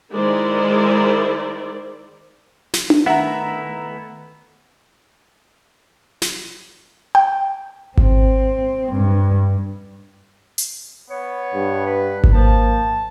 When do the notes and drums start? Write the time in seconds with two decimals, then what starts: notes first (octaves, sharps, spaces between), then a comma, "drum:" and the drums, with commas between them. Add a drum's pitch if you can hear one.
0.12 D#3 G#3 E4 A#4 C5 D5
2.74 drum: snare
2.90 drum: tom D4
3.06 D#3 A3 B3 E4 E5 F#5 A#5
6.22 drum: snare
7.15 G5
7.97 C4, drum: kick G#1
8.92 G2
10.58 drum: hi-hat
11.10 B3 C#5
11.55 G2
11.86 B4
12.24 drum: kick G#1
12.33 F3 A#3 A5